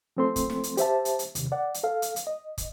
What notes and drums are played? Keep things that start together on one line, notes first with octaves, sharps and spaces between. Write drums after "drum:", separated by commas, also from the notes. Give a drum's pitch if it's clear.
F3 A3 C4 A4 C6
drum: kick, hi-hat
drum: snare
drum: hi-hat
G4 C5 E5 A5, drum: hi-hat
drum: hi-hat
drum: hi-hat
D#2 C3, drum: hi-hat
D5 F#5
drum: hi-hat
A4 F5
drum: hi-hat
drum: hi-hat
D#5
drum: kick, hi-hat